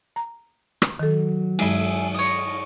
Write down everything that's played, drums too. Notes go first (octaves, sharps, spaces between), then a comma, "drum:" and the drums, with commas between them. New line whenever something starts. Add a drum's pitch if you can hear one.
A#5
drum: rim click
D#3 F#3 A4
G2 G#3 G#4 E5, drum: cymbal
C#5 D#5